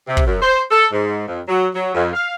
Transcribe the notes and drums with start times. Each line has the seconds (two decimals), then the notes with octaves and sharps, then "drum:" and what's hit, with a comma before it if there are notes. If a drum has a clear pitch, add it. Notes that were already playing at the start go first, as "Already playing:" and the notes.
0.07 C3
0.17 drum: kick
0.26 F#2
0.42 C5
0.70 A4
0.92 G#2
1.27 F2
1.47 F#3
1.75 F#3
1.94 F2
2.14 F5